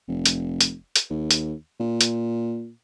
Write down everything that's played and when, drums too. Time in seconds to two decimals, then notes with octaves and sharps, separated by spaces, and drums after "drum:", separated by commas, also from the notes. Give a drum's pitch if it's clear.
0.08 F1
0.26 drum: hi-hat
0.61 drum: hi-hat
0.96 drum: hi-hat
1.10 D#2
1.31 drum: hi-hat
1.80 A#2
2.01 drum: hi-hat